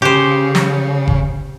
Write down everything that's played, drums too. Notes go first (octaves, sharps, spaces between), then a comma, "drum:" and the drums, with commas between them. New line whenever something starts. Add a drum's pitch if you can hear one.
C#3 G4 C5
drum: snare
drum: kick F#1